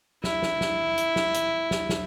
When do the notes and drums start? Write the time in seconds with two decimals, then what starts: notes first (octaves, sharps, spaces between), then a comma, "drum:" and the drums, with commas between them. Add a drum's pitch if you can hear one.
0.24 E4, drum: snare
0.42 drum: snare
0.61 drum: snare
0.98 drum: hi-hat
1.16 drum: snare
1.34 drum: hi-hat
1.71 drum: snare
1.89 drum: snare